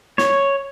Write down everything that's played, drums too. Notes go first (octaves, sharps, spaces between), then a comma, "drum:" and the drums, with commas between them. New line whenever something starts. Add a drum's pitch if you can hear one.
C#5, drum: snare